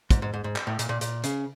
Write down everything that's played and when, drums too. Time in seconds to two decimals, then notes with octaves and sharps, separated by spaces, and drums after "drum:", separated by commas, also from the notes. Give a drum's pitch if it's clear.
0.11 G#2, drum: kick, hi-hat
0.22 G#2
0.34 G#2
0.44 G#2
0.56 drum: clap
0.67 A2
0.79 A#2, drum: hi-hat
0.89 A#2
1.01 A#2, drum: hi-hat
1.24 C#3, drum: hi-hat